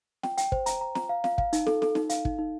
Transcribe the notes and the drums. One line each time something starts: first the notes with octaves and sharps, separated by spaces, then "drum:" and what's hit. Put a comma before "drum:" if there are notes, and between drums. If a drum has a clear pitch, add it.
G5, drum: snare
G5, drum: hi-hat
C5, drum: kick
A#5, drum: hi-hat
A#5
A#5, drum: snare
F5
F5, drum: snare
F5, drum: kick
D#4, drum: hi-hat
A4, drum: snare
A4, drum: snare
D#4, drum: snare
F5, drum: hi-hat
D#4, drum: kick
D#4